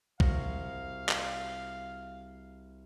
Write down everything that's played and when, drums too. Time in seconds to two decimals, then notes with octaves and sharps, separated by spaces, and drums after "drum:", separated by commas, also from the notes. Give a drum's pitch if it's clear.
0.20 C2 F#4 F5 A#6, drum: kick A#1
1.09 drum: clap